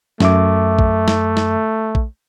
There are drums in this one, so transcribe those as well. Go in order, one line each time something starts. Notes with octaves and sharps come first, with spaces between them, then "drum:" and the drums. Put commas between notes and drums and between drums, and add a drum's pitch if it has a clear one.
F#2 A3 E5 D6, drum: snare
drum: kick A#1
drum: snare
drum: snare
drum: kick A#1